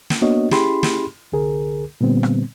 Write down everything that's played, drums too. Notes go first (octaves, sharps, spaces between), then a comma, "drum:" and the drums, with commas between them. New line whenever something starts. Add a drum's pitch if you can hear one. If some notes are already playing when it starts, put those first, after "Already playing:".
drum: snare
A#3 B3 D4 F#4 C#5 D#5
C#4 E4 G4 G#4 B5 C6, drum: snare
drum: snare
C2 D3 G#4 A#4
A#2 D3 G3 B3 C4
drum: rim click